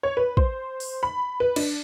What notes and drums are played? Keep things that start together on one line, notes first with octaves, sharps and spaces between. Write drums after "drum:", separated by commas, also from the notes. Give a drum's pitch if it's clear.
C#5
B4
C5, drum: kick
drum: open hi-hat
B5
B4
D4, drum: cymbal